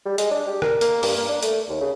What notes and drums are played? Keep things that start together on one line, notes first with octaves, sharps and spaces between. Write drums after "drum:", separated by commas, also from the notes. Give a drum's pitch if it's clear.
G3
G#3, drum: hi-hat
D4
G4
A#4, drum: rim click
A#3, drum: hi-hat
G2, drum: open hi-hat
A#3
D4
A3, drum: hi-hat
D#2
C#3